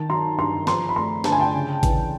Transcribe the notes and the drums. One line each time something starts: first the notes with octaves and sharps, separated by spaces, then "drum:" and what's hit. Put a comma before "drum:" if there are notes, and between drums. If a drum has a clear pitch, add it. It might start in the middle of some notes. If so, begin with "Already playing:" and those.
Already playing: D#3 A5
F#3 A#5 C6
G2 A#5 C6
F3 A#5 C6, drum: snare
B5
A3 A#5 C6
D3 A5, drum: snare
G#5
G5 A5
C#3
E3, drum: kick, hi-hat